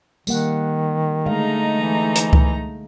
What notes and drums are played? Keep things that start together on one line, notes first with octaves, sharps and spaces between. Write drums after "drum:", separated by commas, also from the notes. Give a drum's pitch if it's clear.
D#3 G3 A#3 F#5, drum: tambourine
D3 G#3 A3 D#4 F5 A#5
E3
drum: hi-hat
drum: kick C#2